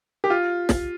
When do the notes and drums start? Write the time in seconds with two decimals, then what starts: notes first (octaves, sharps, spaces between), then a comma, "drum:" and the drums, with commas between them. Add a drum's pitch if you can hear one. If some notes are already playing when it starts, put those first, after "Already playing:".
0.24 G4
0.30 F4
0.69 drum: snare